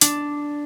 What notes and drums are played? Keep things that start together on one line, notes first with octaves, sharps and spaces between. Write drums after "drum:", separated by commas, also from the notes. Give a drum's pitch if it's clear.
D4, drum: hi-hat